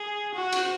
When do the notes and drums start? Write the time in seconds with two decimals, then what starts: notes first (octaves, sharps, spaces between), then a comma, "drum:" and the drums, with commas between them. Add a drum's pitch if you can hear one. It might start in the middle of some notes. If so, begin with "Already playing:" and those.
Already playing: G#4
0.34 F#4
0.52 drum: cymbal